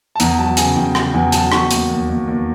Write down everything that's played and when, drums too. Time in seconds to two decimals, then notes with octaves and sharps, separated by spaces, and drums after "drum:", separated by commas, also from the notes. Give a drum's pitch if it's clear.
0.15 A5
0.20 E2 A#5, drum: hi-hat
0.38 F#3 A5
0.57 C#3 G#5, drum: hi-hat
0.76 E2 G5
0.95 C#3 G5, drum: rim click
1.14 E2 G#5
1.32 F#3 A5, drum: hi-hat
1.52 E2 C#6, drum: rim click
1.71 D#2, drum: hi-hat
1.90 D#2
2.09 D#2
2.27 D#2